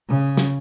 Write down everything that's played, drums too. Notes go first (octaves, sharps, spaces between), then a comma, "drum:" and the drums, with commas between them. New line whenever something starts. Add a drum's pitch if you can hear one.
C#3
drum: snare